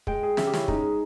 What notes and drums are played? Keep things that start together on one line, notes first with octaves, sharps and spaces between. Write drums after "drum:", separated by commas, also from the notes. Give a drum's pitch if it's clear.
G#3 G5, drum: kick
G#4
C#3 E5, drum: snare
G4
C#4 E4, drum: snare
G#3 D#4, drum: kick
G#4